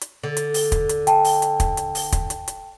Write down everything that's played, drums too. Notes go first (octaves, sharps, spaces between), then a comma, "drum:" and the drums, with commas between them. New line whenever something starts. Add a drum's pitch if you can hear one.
drum: hi-hat
D3
drum: hi-hat
drum: open hi-hat
drum: kick, hi-hat
drum: hi-hat
G5 A5, drum: hi-hat
drum: open hi-hat
drum: hi-hat
drum: kick, hi-hat
drum: hi-hat
drum: open hi-hat
drum: kick, hi-hat
drum: hi-hat
drum: hi-hat